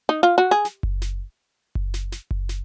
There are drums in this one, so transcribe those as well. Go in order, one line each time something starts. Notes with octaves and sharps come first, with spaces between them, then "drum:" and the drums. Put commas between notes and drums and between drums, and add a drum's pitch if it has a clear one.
D#4
F4
F#4
G#4
drum: snare
drum: kick F#1
drum: snare
drum: kick F#1
drum: snare
drum: snare
drum: kick F#1
drum: snare